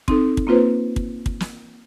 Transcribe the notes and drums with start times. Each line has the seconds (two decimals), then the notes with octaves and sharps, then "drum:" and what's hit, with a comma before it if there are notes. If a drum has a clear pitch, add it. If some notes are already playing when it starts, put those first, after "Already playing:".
0.08 C4 D#4 A4, drum: kick
0.37 drum: kick
0.47 A#3 C4 F4 B4 C5
0.96 drum: kick
1.26 drum: kick
1.40 drum: snare